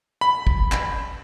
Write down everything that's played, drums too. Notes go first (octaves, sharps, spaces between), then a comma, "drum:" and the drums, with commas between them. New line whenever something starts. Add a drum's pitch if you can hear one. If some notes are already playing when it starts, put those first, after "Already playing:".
B5
drum: kick
drum: clap